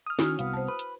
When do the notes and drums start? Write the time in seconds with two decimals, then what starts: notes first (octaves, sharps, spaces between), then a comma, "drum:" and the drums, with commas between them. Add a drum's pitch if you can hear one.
0.06 D#6 F6
0.19 D#3 C#4 E4 F#4, drum: snare
0.39 C2 B3 F5, drum: hi-hat
0.53 C5 A5
0.68 B4
0.79 drum: hi-hat